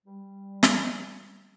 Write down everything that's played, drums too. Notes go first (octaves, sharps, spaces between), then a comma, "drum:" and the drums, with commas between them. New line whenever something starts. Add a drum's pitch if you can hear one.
G3
drum: snare